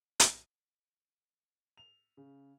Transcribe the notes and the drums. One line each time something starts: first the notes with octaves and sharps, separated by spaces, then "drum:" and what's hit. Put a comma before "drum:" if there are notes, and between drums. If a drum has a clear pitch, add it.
drum: hi-hat
F7
C#3